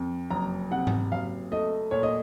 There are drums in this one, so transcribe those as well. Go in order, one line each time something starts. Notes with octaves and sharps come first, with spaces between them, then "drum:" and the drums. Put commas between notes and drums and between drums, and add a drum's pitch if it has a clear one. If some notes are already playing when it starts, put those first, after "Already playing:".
Already playing: F2
F#1 A#5
C3 F#5
drum: tom G#2
F#1 F5
A3 D#5
A#2 C#5
D#5